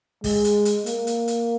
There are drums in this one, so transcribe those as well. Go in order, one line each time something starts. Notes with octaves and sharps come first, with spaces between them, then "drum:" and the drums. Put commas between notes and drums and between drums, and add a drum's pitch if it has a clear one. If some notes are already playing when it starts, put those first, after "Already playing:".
G#3, drum: kick, open hi-hat
drum: hi-hat
drum: hi-hat
A#3, drum: hi-hat
drum: hi-hat
drum: hi-hat